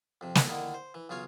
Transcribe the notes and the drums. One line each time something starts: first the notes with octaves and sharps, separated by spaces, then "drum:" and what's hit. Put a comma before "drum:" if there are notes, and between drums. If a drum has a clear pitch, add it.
F2 C3
drum: snare
D3 D#3 A#3 E4 A4
C5
E3
B1 C#3 F4 C#5 F5